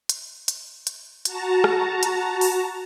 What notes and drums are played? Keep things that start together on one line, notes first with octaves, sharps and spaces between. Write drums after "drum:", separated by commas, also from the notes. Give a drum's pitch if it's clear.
drum: hi-hat
drum: hi-hat
drum: hi-hat
F#4 A5 A#5, drum: hi-hat
drum: rim click
drum: hi-hat
drum: open hi-hat